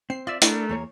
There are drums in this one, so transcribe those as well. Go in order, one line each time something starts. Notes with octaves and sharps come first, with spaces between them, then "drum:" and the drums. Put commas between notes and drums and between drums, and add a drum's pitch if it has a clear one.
C4 C7
F4 D5 E5
A3 D4 E4 A#4 A5, drum: hi-hat
E2 A#3 C#5